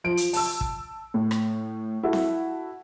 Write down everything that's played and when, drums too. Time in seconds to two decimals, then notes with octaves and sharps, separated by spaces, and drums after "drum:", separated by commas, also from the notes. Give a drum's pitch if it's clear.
0.04 F3 D7
0.17 drum: hi-hat
0.33 A5 E6, drum: open hi-hat
0.61 drum: kick
1.14 A2
1.31 drum: rim click
2.03 E4 F#4 A4
2.13 drum: snare C4